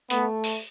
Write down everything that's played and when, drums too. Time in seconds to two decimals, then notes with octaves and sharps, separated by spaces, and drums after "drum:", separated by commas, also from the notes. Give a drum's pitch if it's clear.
0.10 A3 B3, drum: hi-hat
0.44 drum: open hi-hat